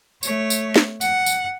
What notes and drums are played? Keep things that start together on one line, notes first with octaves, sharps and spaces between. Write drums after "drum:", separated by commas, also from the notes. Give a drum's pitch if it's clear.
A3 C#5, drum: tambourine
drum: tambourine
drum: snare
F#5, drum: tambourine
drum: tambourine